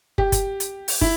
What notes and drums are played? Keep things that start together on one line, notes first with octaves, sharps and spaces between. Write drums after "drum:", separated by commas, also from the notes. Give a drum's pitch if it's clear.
G4, drum: kick
drum: kick, hi-hat
drum: hi-hat
drum: open hi-hat
E4, drum: kick